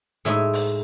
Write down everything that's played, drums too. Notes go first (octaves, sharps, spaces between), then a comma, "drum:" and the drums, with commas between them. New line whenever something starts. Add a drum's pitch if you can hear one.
A2 G#3 D#4 E5, drum: hi-hat
drum: open hi-hat